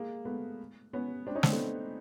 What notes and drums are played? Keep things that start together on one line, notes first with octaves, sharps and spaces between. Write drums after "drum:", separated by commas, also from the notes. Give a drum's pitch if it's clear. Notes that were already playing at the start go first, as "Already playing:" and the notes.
Already playing: G#3 A#3
A3 B3
B3 C#4
C4 D4
C#4 D#4
C4 D4, drum: snare
A3 B3